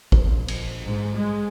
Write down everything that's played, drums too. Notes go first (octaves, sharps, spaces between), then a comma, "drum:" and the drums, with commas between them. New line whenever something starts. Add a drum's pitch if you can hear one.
A#1, drum: kick
drum: cymbal
G#2
G#3